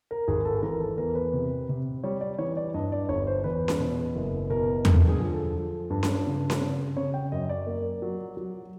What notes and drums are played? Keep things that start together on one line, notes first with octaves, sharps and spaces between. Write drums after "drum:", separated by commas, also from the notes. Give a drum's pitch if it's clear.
A#4
G#1 G#4
A4
E3 A#4
A4
E2 A#4
B4
C3
C3
G3 C#5
D5
E3 C#5
D5
G2 D#5
D5
G1 C#5
C5
E2 B4
drum: snare C#4
B2
F#1
B2 A#4
D3 A4, drum: tom E2
G#4
F3
A4
F3
G2
drum: snare C#4
C#3
drum: snare C#4
C#3
C#3 C#5
G5
F#2 D#5
D5
A#3
F#3
F#3